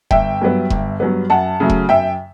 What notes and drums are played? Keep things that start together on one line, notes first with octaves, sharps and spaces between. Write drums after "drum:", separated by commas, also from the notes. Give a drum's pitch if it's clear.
G1 E5 G5, drum: kick E1
G2 F#3 B3
G1, drum: kick E1
G2 F#3 B3
F#2 F#5 A5
C#3 F#3 A3
drum: kick E1
F#2 E5 G5